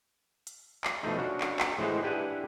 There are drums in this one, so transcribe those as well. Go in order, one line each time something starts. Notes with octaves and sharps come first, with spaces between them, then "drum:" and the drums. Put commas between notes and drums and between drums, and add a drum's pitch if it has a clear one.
drum: hi-hat
drum: clap
B2 F3 A3 D#4
C#4 D4 F#4
drum: clap
drum: clap
A2 E3 G#3 C5 D#5 F#5
D4 E4 G4 B4 F#5 G#5